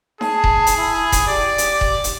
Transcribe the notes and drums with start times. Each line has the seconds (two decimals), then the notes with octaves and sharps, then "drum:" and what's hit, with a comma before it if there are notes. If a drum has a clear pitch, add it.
0.21 G#4 A5, drum: snare D#4
0.44 drum: kick D#1
0.67 drum: hi-hat
0.77 E4
1.12 drum: kick D#1, hi-hat
1.28 G4 D5
1.58 drum: hi-hat
1.81 drum: kick D#1
2.04 drum: hi-hat